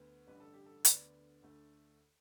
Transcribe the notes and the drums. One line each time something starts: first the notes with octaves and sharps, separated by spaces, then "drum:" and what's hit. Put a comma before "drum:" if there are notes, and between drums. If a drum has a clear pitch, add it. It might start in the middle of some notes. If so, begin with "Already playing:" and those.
Already playing: D2 B3
A1 G2 D3 G3 B4
A4
G4
A4
D2 D3 B3 D5, drum: hi-hat
D2 D3 A3